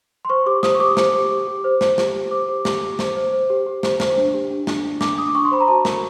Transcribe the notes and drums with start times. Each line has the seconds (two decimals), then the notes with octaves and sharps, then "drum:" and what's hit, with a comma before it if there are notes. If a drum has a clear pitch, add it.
0.25 C6
0.30 C5 C#6
0.46 G4 D6
0.63 C5 D#6, drum: snare
0.75 C#6
0.80 G4 D6
0.97 C5, drum: snare
1.14 G4
1.31 G4
1.47 G4
1.64 C5
1.81 C5, drum: snare
1.98 G4, drum: snare
2.15 G4
2.31 C5 D6
2.48 G4
2.65 G4, drum: snare
2.82 G4
2.99 C5, drum: snare
3.16 C5
3.33 C5
3.50 G4
3.67 G4
3.83 C5, drum: snare
4.00 C5, drum: snare
4.17 D4
4.34 G4
4.51 D4
4.67 D4, drum: snare
4.85 D4
5.01 D4 D6, drum: snare
5.18 D4 D#6
5.27 D6
5.35 D4 C#6
5.45 C6
5.51 C5 B5
5.60 A#5
5.68 F#4 A5
5.85 A#4, drum: snare